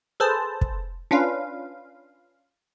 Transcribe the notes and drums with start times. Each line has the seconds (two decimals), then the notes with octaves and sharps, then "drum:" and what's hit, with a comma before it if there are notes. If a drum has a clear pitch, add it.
0.20 G#4 A4 B4 C5 A5
0.61 drum: kick
1.11 C#4 D4 F4 B4 F5